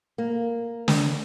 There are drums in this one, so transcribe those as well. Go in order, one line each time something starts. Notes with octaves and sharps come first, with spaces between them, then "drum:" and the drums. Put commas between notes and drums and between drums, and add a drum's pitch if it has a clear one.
A#3
drum: snare